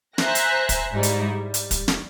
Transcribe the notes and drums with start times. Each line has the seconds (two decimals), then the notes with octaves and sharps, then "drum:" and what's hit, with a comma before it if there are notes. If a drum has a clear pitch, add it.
0.18 C5 E5 G#5 A#5 F#6 A#6, drum: snare
0.35 drum: hi-hat
0.69 drum: kick, hi-hat
0.93 G#2 G3 D#4 E4
1.03 drum: hi-hat
1.29 G3
1.54 drum: hi-hat
1.71 drum: kick, hi-hat
1.88 drum: snare